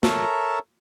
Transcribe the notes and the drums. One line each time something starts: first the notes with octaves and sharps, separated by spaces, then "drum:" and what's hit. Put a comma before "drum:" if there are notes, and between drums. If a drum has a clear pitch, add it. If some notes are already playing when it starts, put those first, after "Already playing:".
A4 A#4 C#5 E5 A5 A#5, drum: snare